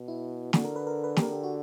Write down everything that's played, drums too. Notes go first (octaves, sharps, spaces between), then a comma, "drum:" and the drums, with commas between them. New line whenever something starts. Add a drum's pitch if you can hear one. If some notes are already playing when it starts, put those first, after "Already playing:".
Already playing: B2
E4
D3 F#4, drum: snare
A#4
B4
A#4
B4
G4, drum: snare
D3 A#4
G4
F#4